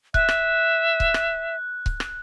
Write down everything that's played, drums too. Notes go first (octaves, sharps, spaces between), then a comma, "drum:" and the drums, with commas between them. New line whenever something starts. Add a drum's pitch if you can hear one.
E5 F#6, drum: kick C#1
drum: rim click
drum: kick C#1
drum: rim click
drum: kick C#1
drum: rim click